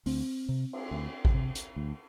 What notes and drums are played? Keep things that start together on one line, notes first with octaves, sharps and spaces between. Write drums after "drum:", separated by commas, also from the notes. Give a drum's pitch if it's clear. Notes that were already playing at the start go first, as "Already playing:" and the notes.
D2 C4, drum: open hi-hat
C3
drum: cymbal
D2
drum: kick G#1
C3
drum: hi-hat
D2